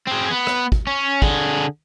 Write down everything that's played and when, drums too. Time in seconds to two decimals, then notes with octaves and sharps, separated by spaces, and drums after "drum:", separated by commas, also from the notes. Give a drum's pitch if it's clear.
0.07 C4 G#4
0.30 B3
0.47 drum: rim click
0.72 drum: kick
0.87 C#4
1.22 D3 G#4, drum: kick